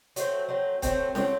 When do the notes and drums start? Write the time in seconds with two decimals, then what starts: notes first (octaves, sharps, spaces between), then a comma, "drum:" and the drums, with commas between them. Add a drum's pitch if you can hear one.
0.16 F#3 A3 C4, drum: hi-hat
0.48 F#3 A3 C4
0.82 F#3 A3 C4, drum: kick C#1, hi-hat
1.15 F#3 A3 C4, drum: snare C#4